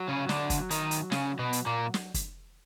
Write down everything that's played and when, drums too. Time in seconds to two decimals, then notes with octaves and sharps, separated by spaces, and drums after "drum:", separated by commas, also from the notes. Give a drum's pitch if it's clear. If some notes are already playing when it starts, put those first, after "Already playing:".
Already playing: F#3
0.08 C#3 C#4
0.29 D3 D4, drum: snare
0.50 drum: kick, hi-hat
0.70 D#3 D#4, drum: hi-hat
0.91 drum: hi-hat
1.12 C#3 C#4, drum: snare
1.39 B2 B3
1.53 drum: hi-hat
1.66 A#2 A#3
1.94 drum: snare
2.14 drum: kick, hi-hat